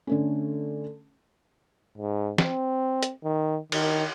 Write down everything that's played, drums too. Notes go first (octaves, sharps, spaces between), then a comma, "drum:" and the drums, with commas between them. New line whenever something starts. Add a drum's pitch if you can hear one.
D3 A3 C#4
G#2
C4, drum: snare
drum: hi-hat
D#3
D#3, drum: cymbal